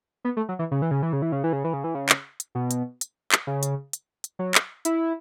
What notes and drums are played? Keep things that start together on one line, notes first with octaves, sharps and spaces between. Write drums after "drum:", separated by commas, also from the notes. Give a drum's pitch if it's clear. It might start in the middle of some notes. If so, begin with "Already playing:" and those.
B3
A3
F#3
E3
C#3
E3
C#3
E3
C#3
E3
C#3
E3
C#3
E3
C#3
E3
C#3
drum: clap
drum: hi-hat
B2
drum: hi-hat
drum: hi-hat
drum: clap
C#3
drum: hi-hat
drum: hi-hat
drum: hi-hat
F#3
drum: clap
E4, drum: hi-hat